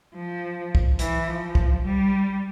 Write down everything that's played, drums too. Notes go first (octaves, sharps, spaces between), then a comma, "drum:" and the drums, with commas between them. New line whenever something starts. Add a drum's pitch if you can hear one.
F3
drum: kick
E3, drum: hi-hat
F3
drum: kick
G3